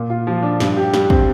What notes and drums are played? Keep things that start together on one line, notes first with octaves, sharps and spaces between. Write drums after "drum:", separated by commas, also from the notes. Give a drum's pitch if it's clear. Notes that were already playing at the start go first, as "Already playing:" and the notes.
Already playing: A#2
F4
F3
D4
G2, drum: snare
G4
G3, drum: snare
C4, drum: kick